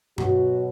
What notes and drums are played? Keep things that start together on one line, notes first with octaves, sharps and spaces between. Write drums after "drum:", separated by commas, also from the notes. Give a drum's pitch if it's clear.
B2 F#3 F#4, drum: tom G2